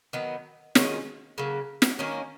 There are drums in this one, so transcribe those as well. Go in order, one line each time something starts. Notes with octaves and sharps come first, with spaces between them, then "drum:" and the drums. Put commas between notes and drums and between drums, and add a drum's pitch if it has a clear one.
D#3 F#3 B3
D#3 G#3 C#4 F4, drum: snare
C#3 F#3 A#3
drum: snare
D#3 A#3 C#4